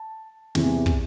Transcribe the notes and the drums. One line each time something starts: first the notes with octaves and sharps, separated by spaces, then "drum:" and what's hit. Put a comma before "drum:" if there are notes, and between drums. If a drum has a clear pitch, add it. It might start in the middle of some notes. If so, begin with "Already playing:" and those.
Already playing: A5
E2 C3 E3, drum: snare
drum: kick